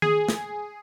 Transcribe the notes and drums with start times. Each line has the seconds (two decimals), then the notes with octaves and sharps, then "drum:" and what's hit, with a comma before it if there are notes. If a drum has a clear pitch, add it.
0.02 G#4, drum: tom D#3
0.29 drum: snare